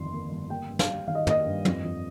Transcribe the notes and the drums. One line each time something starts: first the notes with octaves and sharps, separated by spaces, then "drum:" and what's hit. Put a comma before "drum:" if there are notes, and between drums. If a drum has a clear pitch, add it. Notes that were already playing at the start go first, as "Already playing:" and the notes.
Already playing: G1 F2 D#3 C6
A#3
G1
A#3 G5
G2
F5, drum: snare
G3
D#3 F5
D#5
A#3 D#5, drum: tom
G2
F2, drum: tom
F2